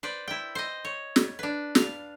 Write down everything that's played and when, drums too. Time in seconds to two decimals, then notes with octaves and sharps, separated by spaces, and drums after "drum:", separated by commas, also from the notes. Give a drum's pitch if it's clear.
0.03 B4 C5 D5
0.28 E4 G5
0.55 C5 D#5
0.85 C#5
1.16 drum: snare
1.39 D4 B4
1.75 F5, drum: snare